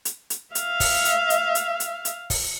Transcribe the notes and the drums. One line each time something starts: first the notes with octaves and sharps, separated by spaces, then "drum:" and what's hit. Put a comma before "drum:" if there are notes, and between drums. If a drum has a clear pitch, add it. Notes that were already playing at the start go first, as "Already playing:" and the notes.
drum: hi-hat
drum: hi-hat
E5 F5, drum: hi-hat
drum: kick, open hi-hat
drum: hi-hat
drum: hi-hat
drum: hi-hat
drum: hi-hat
drum: hi-hat
drum: kick, open hi-hat